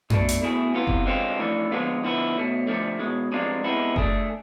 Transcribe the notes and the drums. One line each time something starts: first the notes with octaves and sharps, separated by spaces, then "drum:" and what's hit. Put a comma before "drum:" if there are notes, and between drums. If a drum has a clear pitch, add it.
B1 B2 A3 D4, drum: tom F#2
drum: hi-hat
B2 A3 E4 G#4
C3 E3 B3 F4
drum: kick F#1
D3 G#3 C4 F4
F2 E3 A3 D4
F2 D3 G#3 B3 F4
D3 F3 B3 E4
B1 B2 A3
D2 D3 F3 A3
B1 B2 G#3
F2 C3 G#3 D4 F4
C3 G#3 B3 E4
D3 A3 D4 G#4, drum: kick F#1